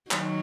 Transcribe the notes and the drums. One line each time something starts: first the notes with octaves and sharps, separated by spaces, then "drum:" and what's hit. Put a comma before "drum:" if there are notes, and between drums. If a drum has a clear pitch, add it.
D#3 F#3, drum: clap